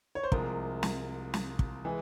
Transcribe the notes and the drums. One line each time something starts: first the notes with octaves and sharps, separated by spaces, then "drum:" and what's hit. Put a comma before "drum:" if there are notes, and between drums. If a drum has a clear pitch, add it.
C#5
C5
C2 C3 F3 G#3 A#4, drum: kick
drum: snare
drum: snare
drum: kick
E3 G#3